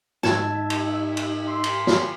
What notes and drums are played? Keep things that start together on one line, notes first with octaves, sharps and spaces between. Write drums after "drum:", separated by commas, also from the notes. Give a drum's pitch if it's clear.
G#2 D#4 E5 A5 G#6, drum: snare
drum: cymbal
drum: cymbal
C6
drum: cymbal
drum: snare